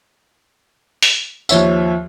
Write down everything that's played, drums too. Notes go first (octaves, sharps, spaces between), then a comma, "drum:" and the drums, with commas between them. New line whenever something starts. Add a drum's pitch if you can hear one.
drum: open hi-hat
D#2 F3 C#5 E5, drum: tambourine